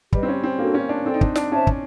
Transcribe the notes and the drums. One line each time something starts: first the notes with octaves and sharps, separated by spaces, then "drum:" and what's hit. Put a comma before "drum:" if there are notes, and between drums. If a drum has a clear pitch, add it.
G3 G4 B4 D#5, drum: kick
C4
C#4
C4
A#3 D4 F#4 A4
C#4
D4
C4 A4 D5 G5
D#4
D4, drum: kick
D4, drum: snare
C#4 C5 E5 A5
drum: kick